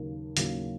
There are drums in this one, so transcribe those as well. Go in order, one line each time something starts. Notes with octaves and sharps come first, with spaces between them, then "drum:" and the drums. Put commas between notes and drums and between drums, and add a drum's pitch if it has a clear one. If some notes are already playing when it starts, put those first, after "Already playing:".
Already playing: D#2 C#3 F#3 A#3
D#2 C#3 F#3 A#3, drum: hi-hat